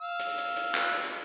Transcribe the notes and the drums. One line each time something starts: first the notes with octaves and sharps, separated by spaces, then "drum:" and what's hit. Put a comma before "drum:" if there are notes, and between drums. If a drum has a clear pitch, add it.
F5 E6
drum: hi-hat
drum: hi-hat
drum: hi-hat
drum: clap
drum: hi-hat